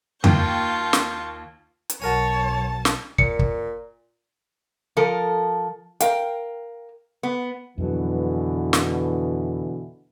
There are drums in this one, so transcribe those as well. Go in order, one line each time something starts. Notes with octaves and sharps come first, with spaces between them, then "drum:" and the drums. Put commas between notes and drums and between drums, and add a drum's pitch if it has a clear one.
D#2 F4 G5 A5 C#6 G6, drum: tom F2
drum: snare
drum: hi-hat
B1 F#4 A#4 C#5 G#5 A5
drum: snare
A#2 C#7, drum: kick
drum: kick
F3 A4 A#4
A#4 F5 G5, drum: hi-hat
B3
F2 B2 D3 E3 F#3
drum: snare